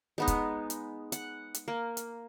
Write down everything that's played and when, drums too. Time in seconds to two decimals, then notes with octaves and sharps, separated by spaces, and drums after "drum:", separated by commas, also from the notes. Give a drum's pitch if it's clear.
0.18 G#3 B3 D#4
0.28 drum: kick, hi-hat
0.70 drum: hi-hat
1.12 F#5, drum: hi-hat
1.54 drum: hi-hat
1.68 A#3
1.97 drum: hi-hat